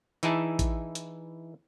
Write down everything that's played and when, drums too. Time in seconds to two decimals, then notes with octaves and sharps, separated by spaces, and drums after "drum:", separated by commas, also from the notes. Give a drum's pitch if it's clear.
0.23 E3 D#4 E4 G#4 E5 A5, drum: hi-hat
0.59 drum: kick A1, hi-hat
0.95 drum: hi-hat